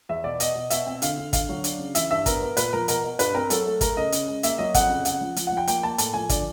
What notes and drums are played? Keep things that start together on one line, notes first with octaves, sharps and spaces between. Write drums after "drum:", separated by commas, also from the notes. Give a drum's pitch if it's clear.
E2 E5
B2 D5
B2 D#5, drum: hi-hat
B2
B2 E5, drum: hi-hat
C4
D3 F5, drum: hi-hat
D3
D3 F5, drum: kick, hi-hat
F#3
D4, drum: hi-hat
C#3
E3 E5, drum: hi-hat
G2 E5
B3 A#4, drum: kick, hi-hat
B3
A#2 B4, drum: hi-hat
F3 A#4
B2 A#4, drum: hi-hat
B2
G2 B4, drum: hi-hat
C4 A#4
F#3 A4, drum: hi-hat
A3
A3 A#4, drum: kick, hi-hat
C#3 D#5
C#3, drum: hi-hat
G#3
A#3 E5, drum: hi-hat
F#3 D#5
F2 F#5, drum: kick, hi-hat
C#3
C#3 F#5, drum: hi-hat
F3
F3, drum: hi-hat
F3 F#5
G5
A#3 G5, drum: hi-hat
A#3 A5
A2 A5, drum: hi-hat
F3 G#5
D3 D5, drum: kick, hi-hat